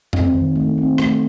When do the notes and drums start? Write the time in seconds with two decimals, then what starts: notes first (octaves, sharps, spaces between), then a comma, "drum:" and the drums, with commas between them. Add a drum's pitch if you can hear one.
0.13 C4, drum: tom F2
0.34 D#3
0.56 A3
0.78 C4
0.98 A3, drum: rim click